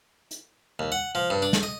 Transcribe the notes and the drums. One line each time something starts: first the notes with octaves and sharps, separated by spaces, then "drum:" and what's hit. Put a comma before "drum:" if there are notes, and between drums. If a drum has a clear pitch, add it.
drum: hi-hat
D#2
F#5
F3
G2
D4
drum: snare
D#5